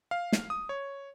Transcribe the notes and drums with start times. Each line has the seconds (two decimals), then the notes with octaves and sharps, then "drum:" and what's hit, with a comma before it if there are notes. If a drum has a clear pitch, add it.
0.11 F5
0.32 drum: snare
0.50 D#6
0.69 C#5